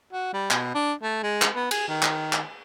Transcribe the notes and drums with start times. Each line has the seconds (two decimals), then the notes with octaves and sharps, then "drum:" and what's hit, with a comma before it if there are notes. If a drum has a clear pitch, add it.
0.13 F#4
0.34 G3
0.51 B2, drum: clap
0.74 D4
1.03 A3
1.23 G#3
1.42 drum: clap
1.55 B3
1.71 G#4, drum: cymbal
1.88 D#3
2.03 drum: clap
2.33 drum: clap